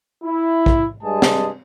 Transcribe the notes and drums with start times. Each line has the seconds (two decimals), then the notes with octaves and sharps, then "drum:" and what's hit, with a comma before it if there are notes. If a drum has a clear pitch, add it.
0.24 E4
0.66 drum: kick
1.04 G2 G3 G#3 G#4 A5
1.22 drum: snare